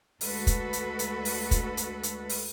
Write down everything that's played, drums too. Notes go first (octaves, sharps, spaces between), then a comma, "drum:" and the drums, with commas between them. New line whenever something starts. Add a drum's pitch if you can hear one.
D2 G#3 F#4 A4 B4, drum: open hi-hat
drum: kick, hi-hat
drum: hi-hat
drum: hi-hat
drum: open hi-hat
drum: kick, hi-hat
drum: hi-hat
drum: hi-hat
drum: open hi-hat